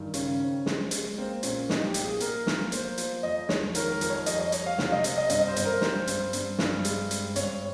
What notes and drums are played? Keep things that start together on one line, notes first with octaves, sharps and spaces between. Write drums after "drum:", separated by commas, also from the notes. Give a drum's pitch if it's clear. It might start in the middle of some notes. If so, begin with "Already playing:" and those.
Already playing: G2 D#3
C#3 C#4, drum: hi-hat
C4
G#3, drum: snare
G#3, drum: hi-hat
A#3 C4
A#2 C#4, drum: hi-hat
G3 D#4, drum: snare
G4
A#2, drum: hi-hat
G#4
A#3 A#4, drum: hi-hat
A#3, drum: snare
A#3 C5, drum: hi-hat
F3, drum: hi-hat
F2 D#5
G#3 C#5, drum: snare
D#3 A#4, drum: hi-hat
A#4
F2, drum: hi-hat
C#5
G3 D#5, drum: hi-hat
D#5
G3 C#5, drum: hi-hat
F5
C3 F5, drum: snare
D#5
C4, drum: hi-hat
D#5
G2 D#5, drum: hi-hat
C5
G2, drum: hi-hat
A#4
G3 C5, drum: snare
G2, drum: hi-hat
G2, drum: hi-hat
G2, drum: snare
G#3, drum: hi-hat
C4, drum: hi-hat
G2 C#5, drum: hi-hat